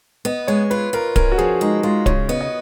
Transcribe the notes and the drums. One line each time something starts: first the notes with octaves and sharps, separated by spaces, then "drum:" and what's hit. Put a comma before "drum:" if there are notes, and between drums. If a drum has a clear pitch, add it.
B3 D#5
G#3 C#5
F4 B4
F4 A#4
C#4 A#4, drum: kick D1
F#4
F3 G#4
G#3 D#4
G#3 F4
C#3 C#5, drum: kick D1
B3 D#5
D#5